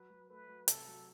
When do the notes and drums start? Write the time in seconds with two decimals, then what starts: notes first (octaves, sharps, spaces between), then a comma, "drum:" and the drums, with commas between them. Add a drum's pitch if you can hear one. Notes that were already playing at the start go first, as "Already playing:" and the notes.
Already playing: F#3 B4
0.10 F#3
0.30 A3 B4
0.48 F#3
0.68 C3 A4, drum: hi-hat
0.88 F#3